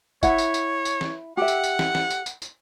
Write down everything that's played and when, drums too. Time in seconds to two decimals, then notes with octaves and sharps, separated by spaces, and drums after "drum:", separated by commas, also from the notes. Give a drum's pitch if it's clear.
0.23 E4 C#5 E5 F#5, drum: kick, tambourine
0.38 drum: tambourine
0.54 drum: tambourine
0.85 drum: tambourine
1.01 drum: snare
1.37 G4 A4 E5 F#5
1.48 drum: tambourine
1.64 drum: tambourine
1.79 drum: snare
1.95 drum: snare
2.10 drum: tambourine
2.26 drum: tambourine
2.42 drum: tambourine